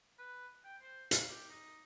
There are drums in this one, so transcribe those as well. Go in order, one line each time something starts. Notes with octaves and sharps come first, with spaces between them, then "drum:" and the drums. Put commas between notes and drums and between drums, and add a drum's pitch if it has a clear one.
B4
G5
C5
F5, drum: hi-hat
G4
D#4